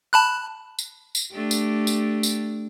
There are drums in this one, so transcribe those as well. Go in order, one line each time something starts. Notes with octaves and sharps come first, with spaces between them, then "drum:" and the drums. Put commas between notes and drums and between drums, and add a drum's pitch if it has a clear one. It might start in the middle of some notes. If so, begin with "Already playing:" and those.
A5 B5 F#6
drum: tambourine
drum: tambourine
A3 D4 G4
drum: tambourine
drum: tambourine
drum: tambourine